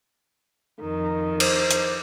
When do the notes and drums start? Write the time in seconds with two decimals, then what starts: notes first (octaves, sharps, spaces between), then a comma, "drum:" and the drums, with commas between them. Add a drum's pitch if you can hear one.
0.80 F2 D#3
1.40 C5, drum: cymbal
1.71 drum: hi-hat